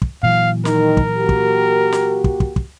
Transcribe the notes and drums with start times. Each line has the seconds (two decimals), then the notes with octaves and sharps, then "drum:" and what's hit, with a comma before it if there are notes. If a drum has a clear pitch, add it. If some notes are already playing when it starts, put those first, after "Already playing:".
0.02 drum: kick
0.23 A#2 E3 F#3 F5
0.65 D#3 A#4, drum: snare
0.97 drum: kick
1.17 A#3 F#4 G4
1.29 drum: kick
1.92 drum: snare
2.24 drum: kick
2.40 drum: kick
2.56 drum: kick